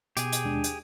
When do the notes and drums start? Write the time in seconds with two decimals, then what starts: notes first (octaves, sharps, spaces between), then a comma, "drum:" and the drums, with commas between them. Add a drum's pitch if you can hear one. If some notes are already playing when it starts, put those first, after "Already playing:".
0.17 B2 G4 G#4, drum: hi-hat
0.32 drum: hi-hat
0.44 D#2 G#3 D4
0.64 drum: hi-hat